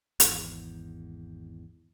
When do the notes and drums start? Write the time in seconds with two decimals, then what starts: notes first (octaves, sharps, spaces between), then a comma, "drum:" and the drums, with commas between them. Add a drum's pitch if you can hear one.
0.20 G#1 E2, drum: hi-hat